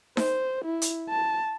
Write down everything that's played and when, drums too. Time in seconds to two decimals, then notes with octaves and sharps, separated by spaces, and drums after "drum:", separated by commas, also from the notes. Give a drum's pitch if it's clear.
0.17 C5, drum: snare D#4
0.64 E4
0.82 drum: hi-hat
1.09 A5